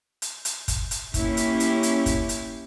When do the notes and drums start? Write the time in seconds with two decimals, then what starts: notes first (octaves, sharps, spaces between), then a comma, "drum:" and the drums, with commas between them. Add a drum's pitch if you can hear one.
0.22 drum: hi-hat
0.45 drum: hi-hat
0.68 drum: kick, hi-hat
0.91 drum: hi-hat
1.14 A#3 C#4 E4 G4, drum: kick, hi-hat
1.37 drum: hi-hat
1.60 drum: hi-hat
1.83 drum: hi-hat
2.06 drum: kick, hi-hat
2.29 drum: hi-hat